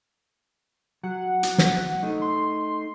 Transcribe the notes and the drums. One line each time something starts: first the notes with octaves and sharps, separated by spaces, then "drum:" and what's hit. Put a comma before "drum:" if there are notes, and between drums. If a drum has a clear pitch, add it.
F#3 F#5
drum: hi-hat
drum: snare
A3 D#4
C6